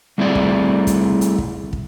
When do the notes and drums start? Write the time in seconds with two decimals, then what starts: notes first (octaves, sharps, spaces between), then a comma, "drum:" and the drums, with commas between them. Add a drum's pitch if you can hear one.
0.18 G3 A3 C4 E4 G#4 D5
0.35 drum: kick
0.87 drum: kick, hi-hat
1.21 drum: hi-hat
1.38 drum: kick
1.73 drum: kick